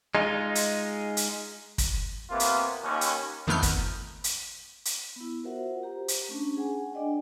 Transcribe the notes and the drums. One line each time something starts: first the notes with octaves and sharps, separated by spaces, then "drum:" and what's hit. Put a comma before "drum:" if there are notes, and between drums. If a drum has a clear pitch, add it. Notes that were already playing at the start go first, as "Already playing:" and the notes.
G#3 D#4 F4
drum: hi-hat
drum: hi-hat
drum: kick, hi-hat
C3 A#3 B3 F4
drum: hi-hat
D#2 C#4
drum: hi-hat
F2 D#3 A3 B3 F6 G6
drum: kick, hi-hat
drum: hi-hat
drum: hi-hat
B3 E4
F4 F#4 A#4 C5 E5 F#5
G4 C5 A#5
drum: hi-hat
A3 C#4 D4
G#4 F#5 G#5
D4 D5 D#5 G5 G#5